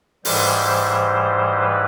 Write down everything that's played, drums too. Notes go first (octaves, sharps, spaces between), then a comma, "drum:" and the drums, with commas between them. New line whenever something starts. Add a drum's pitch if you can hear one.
G#2 E3 G3 C5, drum: open hi-hat
B4